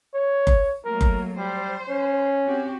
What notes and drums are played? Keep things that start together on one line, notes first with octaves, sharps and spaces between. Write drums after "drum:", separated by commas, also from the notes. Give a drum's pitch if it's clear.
C#5
drum: kick F#1
F#3 A3 A#3 A#4
drum: kick F#1
G3 C5
C#4
C4 F#4 G4